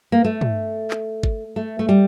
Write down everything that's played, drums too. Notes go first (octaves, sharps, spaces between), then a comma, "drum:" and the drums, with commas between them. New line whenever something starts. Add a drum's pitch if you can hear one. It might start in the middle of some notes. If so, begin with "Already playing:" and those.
A#3
A3
drum: tom
drum: clap
drum: kick G1
A3
A3
G3